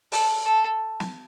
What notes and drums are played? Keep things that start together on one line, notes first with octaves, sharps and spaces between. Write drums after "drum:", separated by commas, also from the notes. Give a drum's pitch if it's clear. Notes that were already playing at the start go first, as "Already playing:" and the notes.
A4, drum: open hi-hat
A4
drum: snare